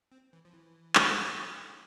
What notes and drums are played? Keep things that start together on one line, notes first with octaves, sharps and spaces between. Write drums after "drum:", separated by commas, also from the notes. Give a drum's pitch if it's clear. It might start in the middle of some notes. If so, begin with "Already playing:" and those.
C4
E3
F3
E3
drum: clap